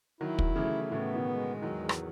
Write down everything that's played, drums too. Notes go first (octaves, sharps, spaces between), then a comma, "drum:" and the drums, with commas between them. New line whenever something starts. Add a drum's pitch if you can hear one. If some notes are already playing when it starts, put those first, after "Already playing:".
D#3 F#3 E4
drum: kick
C#3 E3 A3
A2 C#3 B3
B2 D#3
G#3
E2 D#3 F#3
drum: rim click